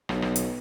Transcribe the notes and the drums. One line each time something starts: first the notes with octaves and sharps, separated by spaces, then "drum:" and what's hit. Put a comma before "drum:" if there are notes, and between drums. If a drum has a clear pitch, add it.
B1, drum: rim click
drum: rim click
drum: hi-hat